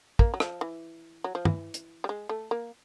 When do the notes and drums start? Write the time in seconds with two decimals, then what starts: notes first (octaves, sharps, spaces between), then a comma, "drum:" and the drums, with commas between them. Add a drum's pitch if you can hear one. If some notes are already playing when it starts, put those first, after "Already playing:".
0.19 A#3, drum: kick
0.34 F#3
0.40 F3, drum: rim click
0.61 E3
1.24 F#3
1.35 F3
1.45 E3, drum: tom
1.74 drum: hi-hat
2.04 G3
2.09 G#3
2.29 A3
2.51 A#3